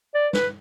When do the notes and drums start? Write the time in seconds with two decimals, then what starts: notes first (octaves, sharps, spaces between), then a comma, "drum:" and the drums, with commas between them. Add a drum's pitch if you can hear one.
0.15 D5
0.33 B4, drum: snare